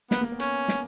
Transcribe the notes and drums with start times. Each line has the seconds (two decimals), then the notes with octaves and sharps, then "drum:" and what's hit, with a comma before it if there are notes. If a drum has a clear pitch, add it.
0.11 A#3 B3, drum: snare
0.21 A#3
0.32 B3
0.40 C#4, drum: hi-hat
0.68 drum: snare